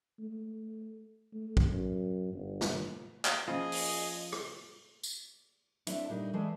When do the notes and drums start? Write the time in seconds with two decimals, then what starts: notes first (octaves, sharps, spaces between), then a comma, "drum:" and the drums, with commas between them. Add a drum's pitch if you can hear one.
0.20 A3
1.34 A3
1.57 drum: kick
1.70 F#2
2.33 G1
2.61 drum: snare
3.25 drum: clap
3.48 F3 A#3 C#4 F4 G#4 C5 D#5
3.72 drum: open hi-hat
4.32 drum: rim click
5.03 drum: tambourine
5.87 A3 C4 D4 E4, drum: hi-hat
6.09 A#2 G3 D4 D#4
6.33 E3 G#3 A3 D5